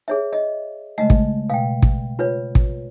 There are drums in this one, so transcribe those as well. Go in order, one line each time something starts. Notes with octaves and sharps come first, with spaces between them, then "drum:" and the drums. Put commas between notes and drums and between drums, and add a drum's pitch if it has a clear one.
G#4 C#5 E5
D#5
C#3 G#3 A3 D#5
drum: kick
B2 F5 G5
drum: kick
F4 B4 C#5
drum: kick